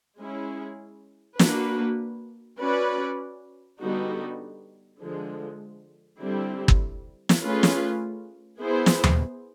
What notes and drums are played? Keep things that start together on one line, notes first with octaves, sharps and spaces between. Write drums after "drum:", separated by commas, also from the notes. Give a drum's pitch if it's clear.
G#3 C#4 E4 G#4
A#3 D4 F#4 B4, drum: snare
C#4 F#4 B4 D5
D3 G3 B3 D#4 F#4
D3 F3 G#3
D3 G3 C4 E4 G4
drum: kick
drum: snare
A3 C#4 F4 G#4 B4
drum: snare
B3 E4 G#4 C5
drum: snare
drum: tom D#2